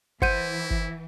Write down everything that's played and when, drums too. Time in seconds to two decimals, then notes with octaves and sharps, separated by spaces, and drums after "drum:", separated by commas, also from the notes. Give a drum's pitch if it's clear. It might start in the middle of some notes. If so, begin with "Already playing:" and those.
0.22 E3 E4 C5 F#5 G6 D#7, drum: kick
0.70 drum: kick